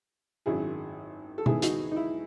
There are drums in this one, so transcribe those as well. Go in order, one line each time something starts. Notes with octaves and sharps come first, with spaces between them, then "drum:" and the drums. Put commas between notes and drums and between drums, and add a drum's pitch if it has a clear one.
G#1 F#2 D#3 F#3 E4 G#4
A4
D#2 D#3 G#3 B3 E4 G#4, drum: tom B2
D#4 F#4, drum: hi-hat
D#4
E4